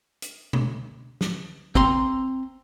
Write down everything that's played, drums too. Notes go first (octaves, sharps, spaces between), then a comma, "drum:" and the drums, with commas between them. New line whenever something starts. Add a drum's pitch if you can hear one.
drum: hi-hat
drum: tom B2
drum: snare
C4 A#5 C6, drum: kick